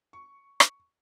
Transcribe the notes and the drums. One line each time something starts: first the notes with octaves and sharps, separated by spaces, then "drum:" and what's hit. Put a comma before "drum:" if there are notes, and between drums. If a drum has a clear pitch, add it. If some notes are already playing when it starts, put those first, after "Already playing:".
C#6
drum: rim click